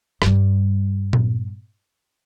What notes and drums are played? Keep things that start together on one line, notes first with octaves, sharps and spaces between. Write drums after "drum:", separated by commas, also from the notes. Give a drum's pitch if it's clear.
G2 G3, drum: rim click
drum: tom A#2